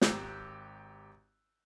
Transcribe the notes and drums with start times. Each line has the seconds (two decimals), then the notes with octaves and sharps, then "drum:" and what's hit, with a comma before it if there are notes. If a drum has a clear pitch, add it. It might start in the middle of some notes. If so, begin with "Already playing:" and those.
0.02 G#1 G4 A#5 E6 F#6 G6, drum: snare